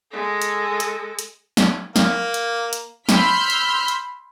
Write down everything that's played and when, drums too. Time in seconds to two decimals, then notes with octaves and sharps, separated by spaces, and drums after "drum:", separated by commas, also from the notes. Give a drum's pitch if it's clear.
0.11 G#3 A4
0.42 drum: hi-hat
0.80 drum: hi-hat
1.19 drum: hi-hat
1.57 drum: snare
1.96 A#3, drum: snare
2.34 drum: hi-hat
2.73 drum: hi-hat
3.09 B5 C6 E6 F6 G6 B6, drum: snare
3.50 drum: hi-hat
3.88 drum: hi-hat